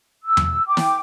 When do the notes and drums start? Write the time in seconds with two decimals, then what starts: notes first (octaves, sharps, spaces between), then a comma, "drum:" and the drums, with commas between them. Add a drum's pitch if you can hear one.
0.23 E6
0.37 drum: tom E2
0.67 G5 D6
0.77 drum: snare